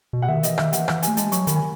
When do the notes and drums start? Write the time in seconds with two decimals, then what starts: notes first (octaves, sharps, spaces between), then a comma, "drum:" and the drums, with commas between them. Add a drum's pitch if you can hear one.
0.13 B2
0.22 F#5
0.28 D#3 E5
0.43 E3 D#5, drum: hi-hat
0.58 D#3 E5, drum: rim click
0.73 E3 F#5, drum: hi-hat
0.88 F#5, drum: rim click
1.03 G#5, drum: hi-hat
1.08 A3
1.17 G#3 A5, drum: hi-hat
1.32 F#3 C#6, drum: hi-hat
1.47 D#3 B5, drum: hi-hat
1.56 G#5